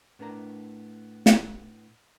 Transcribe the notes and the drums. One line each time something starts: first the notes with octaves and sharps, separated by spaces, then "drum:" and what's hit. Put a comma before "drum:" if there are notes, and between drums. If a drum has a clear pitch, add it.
A2 B3 D4 A#4 A#5
drum: snare